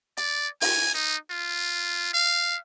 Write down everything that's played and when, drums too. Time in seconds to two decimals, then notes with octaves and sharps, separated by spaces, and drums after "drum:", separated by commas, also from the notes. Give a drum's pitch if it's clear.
0.17 D5, drum: hi-hat
0.61 G#5, drum: open hi-hat
0.94 D#4
1.30 F4
2.13 F5